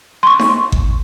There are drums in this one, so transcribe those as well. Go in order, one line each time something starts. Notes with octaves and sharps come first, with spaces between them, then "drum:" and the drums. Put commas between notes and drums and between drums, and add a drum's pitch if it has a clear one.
C6 C#6
drum: snare D#4
drum: kick G1